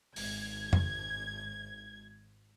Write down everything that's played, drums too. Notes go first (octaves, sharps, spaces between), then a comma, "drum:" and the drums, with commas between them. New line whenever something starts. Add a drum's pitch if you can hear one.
G#1 G#6, drum: open hi-hat
drum: tom F2